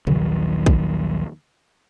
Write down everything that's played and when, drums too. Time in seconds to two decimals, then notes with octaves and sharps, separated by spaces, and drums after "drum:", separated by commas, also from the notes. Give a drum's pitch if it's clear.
0.07 A#1 D#2 D#3 F#3, drum: tom C3
0.66 drum: kick